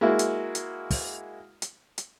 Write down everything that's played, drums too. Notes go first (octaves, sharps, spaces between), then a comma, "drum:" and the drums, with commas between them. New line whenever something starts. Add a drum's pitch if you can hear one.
G#3 A#3 E4 F#4
drum: hi-hat
drum: hi-hat
drum: kick, open hi-hat
drum: hi-hat
drum: hi-hat